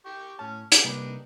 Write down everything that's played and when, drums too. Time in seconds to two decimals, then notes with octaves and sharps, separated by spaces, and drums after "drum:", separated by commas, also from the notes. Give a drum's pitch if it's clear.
0.05 G4 G5 C#6
0.39 A2 C#4 A5
0.72 G4 G#4 B4, drum: hi-hat
0.84 C3 G3 A#3 D4 D#4 B4